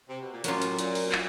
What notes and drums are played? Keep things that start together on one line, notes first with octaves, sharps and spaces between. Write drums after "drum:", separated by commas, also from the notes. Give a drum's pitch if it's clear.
C3
B2
A#2
A2 F#3 A#3 C#4 F4, drum: hi-hat
drum: hi-hat
A#2, drum: hi-hat
drum: open hi-hat
B2
A#2, drum: clap